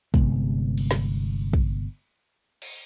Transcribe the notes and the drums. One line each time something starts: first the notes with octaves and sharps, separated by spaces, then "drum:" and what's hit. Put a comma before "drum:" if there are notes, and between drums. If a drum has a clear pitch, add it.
G1 C3 G#3 B3, drum: kick
drum: cymbal
drum: snare
drum: kick
drum: cymbal